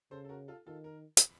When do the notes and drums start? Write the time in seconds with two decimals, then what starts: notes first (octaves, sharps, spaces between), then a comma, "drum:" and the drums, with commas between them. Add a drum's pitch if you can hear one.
0.11 C#3 A4 C5
0.24 A4
0.29 F#4 A#4
0.48 F4 A4
0.67 D#3 F4 A4
0.84 A#4
1.17 drum: hi-hat